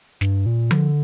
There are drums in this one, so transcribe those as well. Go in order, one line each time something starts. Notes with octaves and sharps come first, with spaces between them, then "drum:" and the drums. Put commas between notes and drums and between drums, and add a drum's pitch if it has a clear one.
G2, drum: snare
A#2
D3, drum: tom F3